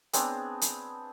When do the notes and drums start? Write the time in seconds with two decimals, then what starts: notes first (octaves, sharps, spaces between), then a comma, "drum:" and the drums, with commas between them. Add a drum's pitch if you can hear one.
0.13 B3 C4 D4 G#4, drum: hi-hat
0.61 drum: hi-hat